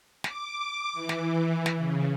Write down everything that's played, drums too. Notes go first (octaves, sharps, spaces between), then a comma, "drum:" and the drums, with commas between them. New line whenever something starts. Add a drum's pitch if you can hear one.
D6, drum: snare
E3
drum: snare
drum: snare
C#3